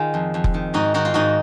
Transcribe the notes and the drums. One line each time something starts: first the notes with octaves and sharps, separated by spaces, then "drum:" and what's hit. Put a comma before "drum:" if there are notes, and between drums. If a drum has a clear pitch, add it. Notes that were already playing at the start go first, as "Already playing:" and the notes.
Already playing: D#3 F4 G#4
F2
F2
drum: kick F1
D#3
G#2 D#4 F#4
D#3 D#4 F#4
F4
G#2 D#4 F#4